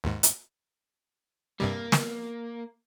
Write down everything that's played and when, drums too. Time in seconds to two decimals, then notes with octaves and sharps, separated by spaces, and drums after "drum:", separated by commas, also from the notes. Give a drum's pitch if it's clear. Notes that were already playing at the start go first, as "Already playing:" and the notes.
0.04 D#2 G#2
0.23 drum: hi-hat
1.60 G2 C3 G3 A#3
1.92 drum: snare